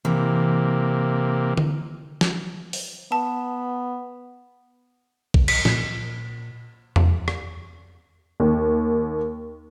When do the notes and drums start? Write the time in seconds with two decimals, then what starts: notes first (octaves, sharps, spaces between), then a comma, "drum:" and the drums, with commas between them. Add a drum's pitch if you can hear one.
0.05 C3 E3 A#3
1.57 drum: tom D3
2.21 drum: snare
2.73 drum: open hi-hat
3.12 B3 A5
5.34 drum: kick A#1
5.48 B6, drum: cymbal
5.65 A#2, drum: snare
6.96 F2, drum: tom E2
7.28 drum: rim click
8.40 D#2